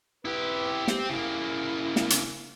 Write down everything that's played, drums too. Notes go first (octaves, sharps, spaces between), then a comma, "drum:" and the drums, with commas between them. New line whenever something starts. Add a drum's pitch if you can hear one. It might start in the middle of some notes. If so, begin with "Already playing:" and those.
E4 G4 B4
C4 G4, drum: snare
C#3 A#3 E4
drum: snare
drum: hi-hat